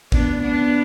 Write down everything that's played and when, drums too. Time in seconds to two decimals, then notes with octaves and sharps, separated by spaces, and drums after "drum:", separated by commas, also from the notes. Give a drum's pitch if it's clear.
0.12 B3 D4, drum: kick
0.42 B3 D4